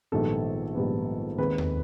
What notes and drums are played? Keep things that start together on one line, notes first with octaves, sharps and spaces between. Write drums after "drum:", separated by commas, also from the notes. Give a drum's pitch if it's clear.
A#1 G#2 D#3 G3 B3 A4
A#1 G#2 D#3 G3 B3
D#2 D#3 G#3 C4 B4
drum: tom D#2